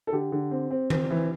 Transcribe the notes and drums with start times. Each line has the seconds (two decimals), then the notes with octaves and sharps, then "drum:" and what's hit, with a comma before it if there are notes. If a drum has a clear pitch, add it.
0.07 A4
0.12 D3 G4
0.32 D3
0.51 C4
0.71 C4
0.90 C4, drum: tom D#3
1.10 E3